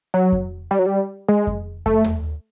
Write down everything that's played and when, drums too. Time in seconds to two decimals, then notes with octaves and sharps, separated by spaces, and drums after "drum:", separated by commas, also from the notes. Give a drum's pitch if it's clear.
0.14 F#3
0.32 drum: kick F2
0.71 G3
0.79 F#3
0.86 G3
1.29 G#3
1.47 drum: kick F2
1.86 A3, drum: kick F2
2.04 drum: tom D#2